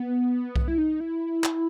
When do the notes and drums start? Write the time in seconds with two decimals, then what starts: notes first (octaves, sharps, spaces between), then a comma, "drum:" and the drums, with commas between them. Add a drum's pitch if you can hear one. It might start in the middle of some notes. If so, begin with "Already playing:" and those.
Already playing: B3
0.56 drum: kick B1
0.68 E4
0.78 D#4
1.00 E4
1.44 drum: clap